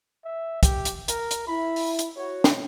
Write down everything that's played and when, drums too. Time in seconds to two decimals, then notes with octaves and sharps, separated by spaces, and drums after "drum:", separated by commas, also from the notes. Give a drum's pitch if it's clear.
0.24 E5
0.63 G4, drum: kick, hi-hat
0.85 drum: hi-hat
1.08 A#4, drum: hi-hat
1.31 drum: hi-hat
1.47 E4 B5
1.76 drum: open hi-hat
1.99 drum: hi-hat
2.17 F#4 C#5
2.44 drum: snare